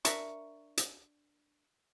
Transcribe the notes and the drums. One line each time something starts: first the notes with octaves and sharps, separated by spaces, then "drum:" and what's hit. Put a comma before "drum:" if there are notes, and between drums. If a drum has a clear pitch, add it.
D4 A#4 E5 C#6, drum: hi-hat
drum: hi-hat